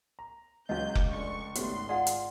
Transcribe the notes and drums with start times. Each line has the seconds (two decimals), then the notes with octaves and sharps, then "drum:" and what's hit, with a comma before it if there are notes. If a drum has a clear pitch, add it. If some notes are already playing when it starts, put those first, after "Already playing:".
0.19 A#5
0.69 C#2 E3 F#3 D#5 F5 G6
0.95 drum: kick F1
1.12 F1 D4 C#6
1.55 G#1 G3 A3 B3 F#4 C#5 C6, drum: hi-hat
1.89 F4 G#4 D5 F#5
2.07 drum: hi-hat